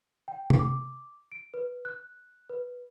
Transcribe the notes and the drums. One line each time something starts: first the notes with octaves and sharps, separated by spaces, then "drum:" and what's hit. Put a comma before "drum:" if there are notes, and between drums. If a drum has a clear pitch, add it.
G5
drum: tom C3
D6
D7
B4
F#6
B4